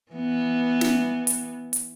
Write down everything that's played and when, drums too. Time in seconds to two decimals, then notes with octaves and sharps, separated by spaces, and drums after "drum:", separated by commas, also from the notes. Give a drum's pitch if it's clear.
0.13 E3 B3
0.81 drum: snare
1.27 drum: hi-hat
1.73 drum: hi-hat